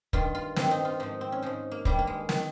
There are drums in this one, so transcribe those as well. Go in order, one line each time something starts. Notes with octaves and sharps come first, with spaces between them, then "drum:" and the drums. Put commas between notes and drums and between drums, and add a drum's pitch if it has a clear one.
G2 D#3 F4, drum: kick
F4
G2 D#3 C4, drum: snare
D#4
F4
G#2 F3 D#4
C4
C#4
G#2 F3 D#4
A#3
G2 D#3 G3, drum: kick
A#3
G#3
D#3, drum: snare